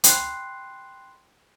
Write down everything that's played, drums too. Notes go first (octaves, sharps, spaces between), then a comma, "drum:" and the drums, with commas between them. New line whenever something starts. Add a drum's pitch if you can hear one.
G5 B5 C6 F#6 C7, drum: hi-hat